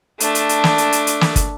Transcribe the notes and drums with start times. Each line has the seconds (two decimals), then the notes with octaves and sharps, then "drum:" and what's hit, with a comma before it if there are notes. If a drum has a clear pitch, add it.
0.20 A3 D4, drum: hi-hat
0.35 drum: hi-hat
0.49 drum: hi-hat
0.64 drum: snare
0.78 drum: hi-hat
0.92 drum: hi-hat
1.07 drum: hi-hat
1.21 drum: snare
1.36 drum: kick, hi-hat